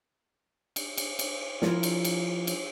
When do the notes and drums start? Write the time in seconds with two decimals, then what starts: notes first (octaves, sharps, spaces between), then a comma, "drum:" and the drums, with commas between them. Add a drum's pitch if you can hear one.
0.76 drum: cymbal
0.97 drum: cymbal
1.19 drum: cymbal
1.62 F3 E4 F4 A#4, drum: snare
1.83 drum: cymbal
2.05 drum: cymbal
2.47 drum: cymbal